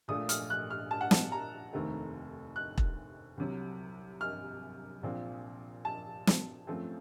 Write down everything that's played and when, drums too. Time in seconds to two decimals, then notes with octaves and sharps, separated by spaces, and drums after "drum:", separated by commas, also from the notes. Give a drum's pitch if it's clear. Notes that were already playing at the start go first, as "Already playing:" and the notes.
0.08 A#1 A#2 A3 D#6
0.29 F6, drum: hi-hat
0.50 F#6
0.70 F6
0.91 A5
1.01 F#5
1.11 A5, drum: snare
1.32 A#5
1.73 F1 D#2 D#3 A3 C4
2.56 F#6
2.78 drum: kick E1
3.37 C2 C3 F#3
4.21 F6
5.03 A#1 A#2 F3 C4
5.85 A5
6.27 drum: snare
6.67 F#2 F3 A3 C4